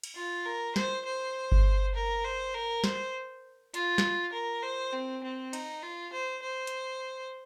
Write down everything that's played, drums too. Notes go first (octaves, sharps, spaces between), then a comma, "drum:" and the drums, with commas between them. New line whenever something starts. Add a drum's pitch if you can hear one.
drum: cymbal
F4
A#4
C5, drum: snare
C5
drum: kick G1
A#4
C5
A#4
C5, drum: snare
F4, drum: hi-hat
drum: snare
A#4
C5
C4
C4
D#4, drum: cymbal
F4
C5
C5
drum: hi-hat